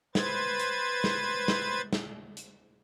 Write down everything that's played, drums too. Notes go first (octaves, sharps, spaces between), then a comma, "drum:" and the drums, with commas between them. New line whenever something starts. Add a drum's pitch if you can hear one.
B4 C5 G#6 A6, drum: snare
drum: hi-hat
drum: snare
drum: snare
drum: snare
drum: hi-hat